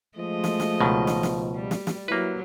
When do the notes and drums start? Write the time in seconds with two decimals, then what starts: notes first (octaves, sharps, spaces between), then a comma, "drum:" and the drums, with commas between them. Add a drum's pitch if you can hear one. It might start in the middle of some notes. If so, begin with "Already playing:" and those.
0.18 F3 G#3 A3 D#5
0.44 drum: snare
0.60 drum: snare
0.80 C#2 B2 D#3
1.07 drum: snare
1.23 drum: snare
1.55 G3
1.71 drum: snare
1.87 drum: snare
2.08 F#3 A#3 E4 B4